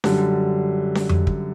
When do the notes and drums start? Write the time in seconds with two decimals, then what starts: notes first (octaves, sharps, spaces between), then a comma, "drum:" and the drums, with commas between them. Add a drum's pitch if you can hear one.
0.04 F#2 D3 G3, drum: snare C#4
0.95 drum: snare C#4
1.09 drum: tom F2
1.27 drum: kick